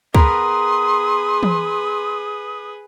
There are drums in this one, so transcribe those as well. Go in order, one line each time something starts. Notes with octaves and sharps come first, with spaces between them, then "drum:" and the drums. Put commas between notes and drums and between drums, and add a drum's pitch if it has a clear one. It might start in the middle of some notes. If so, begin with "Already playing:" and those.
B3 G#4 A#4 B4 B5 C6 D#6, drum: kick C#2
drum: tom E3